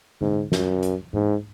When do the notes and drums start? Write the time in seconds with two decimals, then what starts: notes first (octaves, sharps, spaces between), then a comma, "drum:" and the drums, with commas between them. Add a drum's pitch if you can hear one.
0.21 G#2, drum: tom D3
0.52 F#2, drum: snare
0.83 drum: hi-hat
1.14 G#2, drum: tom G#2